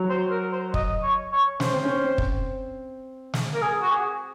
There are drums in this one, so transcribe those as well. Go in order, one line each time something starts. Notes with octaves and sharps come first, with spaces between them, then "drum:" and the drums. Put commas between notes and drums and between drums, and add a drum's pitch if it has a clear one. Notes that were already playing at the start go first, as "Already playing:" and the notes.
Already playing: F#3
C5
A#4
C5
D#5, drum: kick
C#5
C#5
C#4 C5, drum: snare
C4
C#4
C4
drum: kick
drum: snare
A#4
G#4
F#4
G#4